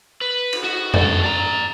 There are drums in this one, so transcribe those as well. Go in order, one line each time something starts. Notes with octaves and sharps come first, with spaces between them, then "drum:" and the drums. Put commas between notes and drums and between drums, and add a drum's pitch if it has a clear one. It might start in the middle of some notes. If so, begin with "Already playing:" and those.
B4
drum: cymbal
F#4
F#4 A4, drum: tom F2
D5 A#5